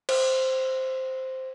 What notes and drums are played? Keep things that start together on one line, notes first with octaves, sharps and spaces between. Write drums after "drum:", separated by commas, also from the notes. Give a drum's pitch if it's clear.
C5, drum: cymbal